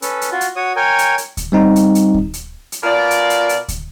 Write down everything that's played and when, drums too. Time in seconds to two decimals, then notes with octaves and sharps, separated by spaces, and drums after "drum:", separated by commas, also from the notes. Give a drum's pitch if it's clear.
0.02 C#4 A4 B4, drum: hi-hat
0.21 drum: hi-hat
0.32 F4 F#4
0.41 drum: hi-hat
0.56 F#4 C#5 D#6
0.76 A#4 C#5 G5 G#5
0.99 drum: hi-hat
1.18 drum: hi-hat
1.37 drum: kick D2, hi-hat
1.52 G3 C4 D#4
1.76 drum: hi-hat
1.95 drum: hi-hat
2.14 drum: kick D2
2.34 drum: hi-hat
2.72 drum: hi-hat
2.84 B2 F4 A#4 D5
3.11 drum: hi-hat
3.30 drum: hi-hat
3.49 drum: hi-hat
3.68 drum: kick D2, hi-hat